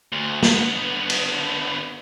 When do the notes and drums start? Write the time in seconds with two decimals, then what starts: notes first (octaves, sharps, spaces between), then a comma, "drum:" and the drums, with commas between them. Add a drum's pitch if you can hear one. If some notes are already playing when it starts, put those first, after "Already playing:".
0.12 D2
0.43 D3 B3, drum: snare
1.10 drum: cymbal